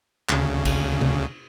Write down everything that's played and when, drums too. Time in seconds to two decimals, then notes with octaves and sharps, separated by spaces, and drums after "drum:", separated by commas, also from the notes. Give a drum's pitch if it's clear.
0.29 D2 C#3, drum: clap
0.65 drum: kick A1, cymbal
1.01 drum: tom C3